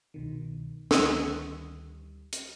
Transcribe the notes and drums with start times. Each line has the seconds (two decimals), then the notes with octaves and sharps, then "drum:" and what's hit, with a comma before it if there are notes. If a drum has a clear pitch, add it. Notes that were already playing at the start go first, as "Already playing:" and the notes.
0.14 C2 B2 D#3
0.91 D2 D#3 G3 C#6 D#6 E6, drum: snare
2.33 drum: hi-hat